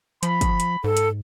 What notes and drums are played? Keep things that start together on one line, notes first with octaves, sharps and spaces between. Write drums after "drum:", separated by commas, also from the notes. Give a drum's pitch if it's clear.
F3 B5, drum: hi-hat
drum: kick, hi-hat
drum: hi-hat
G#2 A4
drum: hi-hat